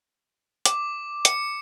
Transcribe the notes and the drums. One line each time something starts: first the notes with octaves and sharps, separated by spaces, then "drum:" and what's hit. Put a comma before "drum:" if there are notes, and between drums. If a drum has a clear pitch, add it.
D6, drum: hi-hat
C#7, drum: hi-hat